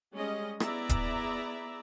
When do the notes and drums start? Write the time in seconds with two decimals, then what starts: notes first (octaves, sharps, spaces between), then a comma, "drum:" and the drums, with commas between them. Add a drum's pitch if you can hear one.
0.12 G3 G#3 C#4 G#4 D#5
0.60 B3 E4 G#4 D5 E5 A#5, drum: rim click
0.89 drum: kick D1, hi-hat